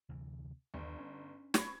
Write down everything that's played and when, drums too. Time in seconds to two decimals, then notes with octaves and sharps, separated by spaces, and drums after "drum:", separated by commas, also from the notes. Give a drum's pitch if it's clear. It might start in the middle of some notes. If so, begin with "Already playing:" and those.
0.09 D2 C3 E3
0.74 G1 D#2
0.99 C#4
1.54 B5 C#6 G#6, drum: snare